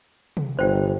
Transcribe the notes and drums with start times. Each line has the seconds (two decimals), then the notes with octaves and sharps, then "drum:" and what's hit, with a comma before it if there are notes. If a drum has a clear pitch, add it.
0.37 drum: tom C3
0.59 G1 C5 G5